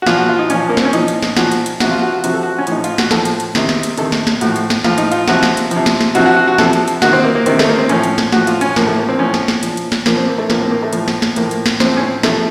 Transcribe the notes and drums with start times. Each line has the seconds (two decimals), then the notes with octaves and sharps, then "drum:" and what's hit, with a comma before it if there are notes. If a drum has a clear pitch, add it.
0.02 F#4
0.06 A#2 F3 F4, drum: snare
0.18 F#4
0.29 F4
0.39 D#4
0.50 A#2 F3 C#4, drum: hi-hat
0.69 A#3
0.77 C4, drum: snare
0.85 C#4
0.93 A#2 F3 D#4, drum: hi-hat
1.08 drum: hi-hat
1.23 drum: snare
1.37 A#2 F3 F#4, drum: snare
1.52 drum: hi-hat
1.66 drum: hi-hat
1.80 C3 F3 F#4, drum: snare
1.91 F4
2.02 F#4
2.13 F#4
2.24 C3 F3 F#4, drum: hi-hat
2.33 A4
2.43 F#4
2.58 C#4
2.67 A2 F3 D#4, drum: hi-hat
2.84 F4, drum: hi-hat
2.98 F#4, drum: snare
3.11 A2 F3 A4, drum: snare
3.25 drum: hi-hat
3.40 drum: hi-hat
3.55 C3 D#3, drum: snare
3.69 drum: snare
3.83 drum: hi-hat
3.97 C3 D#3 A4, drum: hi-hat
4.12 drum: snare
4.27 drum: snare
4.41 A2 F3 F#4, drum: hi-hat
4.56 drum: hi-hat
4.70 drum: snare
4.84 A2 F3 F4, drum: snare
4.98 D#4, drum: hi-hat
5.12 F4, drum: hi-hat
5.28 C3 F3 F#4, drum: snare
5.43 drum: snare
5.57 drum: hi-hat
5.71 C3 F3, drum: hi-hat
5.86 drum: snare
6.01 drum: snare
6.15 C3 F3 F#4, drum: hi-hat
6.26 F#4
6.37 F#4
6.47 F#4
6.58 C3 F3 A4, drum: snare
6.73 drum: hi-hat
6.88 drum: hi-hat
7.02 C3 D#3 F#4, drum: snare
7.13 C4
7.24 A#3
7.35 A#3
7.46 C3 D#3 C4, drum: hi-hat
7.59 A3, drum: snare
7.69 A#3
7.79 C4
7.89 A2 F3 C#4, drum: hi-hat
8.03 drum: hi-hat
8.18 drum: snare
8.32 A2 F3 F#4, drum: snare
8.47 F4, drum: hi-hat
8.61 C#4, drum: hi-hat
8.76 A2 F3 A#3, drum: snare
8.87 A3
8.97 A#3
9.09 C4
9.19 A2 F3 C#4
9.34 drum: snare
9.48 drum: snare
9.63 A#2 F3, drum: hi-hat
9.77 drum: hi-hat
9.92 drum: snare
10.06 A#2 F3 A#3, drum: snare
10.17 C4
10.28 A#3
10.38 A3
10.50 A2 F3 A#3, drum: snare
10.61 C4
10.71 A#3
10.82 A3
10.93 A2 F3, drum: hi-hat
11.08 drum: snare
11.22 drum: snare
11.36 A2 F3 A#3, drum: hi-hat
11.51 drum: hi-hat
11.66 drum: snare
11.80 A2 F3 C4, drum: snare
11.97 C#4
12.02 C4
12.23 C3 F3 A3, drum: snare